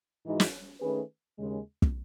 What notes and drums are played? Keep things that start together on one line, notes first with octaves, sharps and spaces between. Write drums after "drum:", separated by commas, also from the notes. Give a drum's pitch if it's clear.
G#2 E3 G#3 D#4 F#4
drum: snare
D#3 A3 C#4 G#4 B4
D#2 C#3 G#3
drum: kick